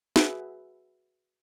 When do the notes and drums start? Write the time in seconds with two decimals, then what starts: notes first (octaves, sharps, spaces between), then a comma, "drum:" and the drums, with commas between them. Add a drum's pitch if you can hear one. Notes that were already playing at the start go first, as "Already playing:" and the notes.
0.16 F#4 G#4 B4 E5, drum: snare